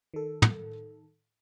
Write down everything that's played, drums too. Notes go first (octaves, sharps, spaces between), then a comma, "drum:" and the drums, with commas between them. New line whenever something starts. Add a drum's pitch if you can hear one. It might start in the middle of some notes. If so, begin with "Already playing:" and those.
D#3 A4
drum: tom